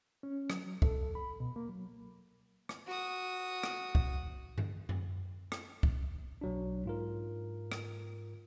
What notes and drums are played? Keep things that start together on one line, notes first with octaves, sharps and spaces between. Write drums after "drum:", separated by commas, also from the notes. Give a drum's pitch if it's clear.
C#4
F#3, drum: rim click
A4, drum: kick
B5
B2
A#3
F#3
drum: rim click
F#4 D#6
drum: rim click
drum: kick
drum: tom G2
drum: tom F#2
drum: rim click
drum: kick
B1 F#3 D4
G#2 F4 A#4
drum: rim click